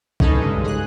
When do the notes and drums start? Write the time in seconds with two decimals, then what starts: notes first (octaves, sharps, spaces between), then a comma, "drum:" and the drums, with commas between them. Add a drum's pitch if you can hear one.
0.20 C#4 D#4 G#4 A4 B4, drum: kick A#1
0.40 G2 C#3 G#3
0.64 G#4 F#6